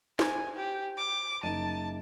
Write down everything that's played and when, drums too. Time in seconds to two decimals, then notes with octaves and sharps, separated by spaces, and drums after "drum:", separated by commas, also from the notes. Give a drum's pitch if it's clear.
0.19 C5 G#5, drum: snare
0.55 G4
0.97 D6
1.43 F#1 D#4 A5 D#7